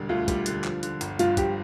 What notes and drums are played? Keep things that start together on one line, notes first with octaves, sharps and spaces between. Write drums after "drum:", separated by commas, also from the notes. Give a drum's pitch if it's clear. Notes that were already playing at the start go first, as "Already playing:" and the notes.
Already playing: E1 D3 G3
D2 F4
G3, drum: kick, hi-hat
D3, drum: hi-hat
F3, drum: clap
D3, drum: hi-hat
G1, drum: hi-hat
G2 F4, drum: hi-hat
F3 G4, drum: kick, hi-hat